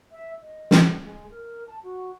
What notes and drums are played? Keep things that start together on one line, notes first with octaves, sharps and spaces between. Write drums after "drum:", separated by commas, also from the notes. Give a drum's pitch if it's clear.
E5
D#5
drum: snare
G#3
A#4
A5
F#4